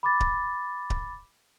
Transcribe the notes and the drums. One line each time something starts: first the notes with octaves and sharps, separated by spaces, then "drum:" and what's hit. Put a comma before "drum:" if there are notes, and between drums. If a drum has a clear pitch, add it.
B5 D6 A6
drum: kick D1
drum: kick D1